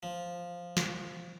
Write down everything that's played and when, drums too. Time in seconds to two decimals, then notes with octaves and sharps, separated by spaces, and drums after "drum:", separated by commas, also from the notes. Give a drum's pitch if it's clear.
0.03 F3
0.77 drum: snare